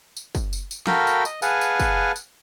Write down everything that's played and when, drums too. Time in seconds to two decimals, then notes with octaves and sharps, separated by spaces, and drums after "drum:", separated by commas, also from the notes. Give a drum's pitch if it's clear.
0.17 drum: tambourine
0.35 drum: kick, tambourine
0.53 drum: tambourine
0.71 drum: tambourine
0.87 F#4 A4 A#4 F5 G5 B5, drum: snare
1.07 drum: tambourine
1.25 D#5, drum: tambourine
1.42 G#4 B4 F5 F#5 G#5 A5, drum: tambourine
1.61 drum: tambourine
1.79 drum: kick, tambourine
2.16 drum: tambourine